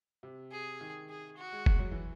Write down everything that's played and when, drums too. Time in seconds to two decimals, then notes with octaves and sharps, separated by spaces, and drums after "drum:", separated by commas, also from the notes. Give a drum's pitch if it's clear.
0.23 C3
0.52 G#4
0.81 D#3
1.09 G#4
1.37 F#4
1.53 G#3
1.66 G#3, drum: kick F1
1.79 F#3
1.91 E3